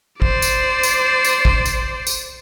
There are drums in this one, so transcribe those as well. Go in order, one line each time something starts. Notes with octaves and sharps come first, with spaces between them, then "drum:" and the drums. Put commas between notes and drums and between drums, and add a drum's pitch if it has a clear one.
C5 D5, drum: kick
drum: tambourine
drum: tambourine
drum: tambourine
drum: kick
drum: tambourine
drum: tambourine